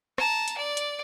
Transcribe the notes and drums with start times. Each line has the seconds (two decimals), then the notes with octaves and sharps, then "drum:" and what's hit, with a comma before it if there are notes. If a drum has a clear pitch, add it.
0.18 A5 A#5, drum: rim click
0.48 drum: hi-hat
0.58 D5
0.77 drum: hi-hat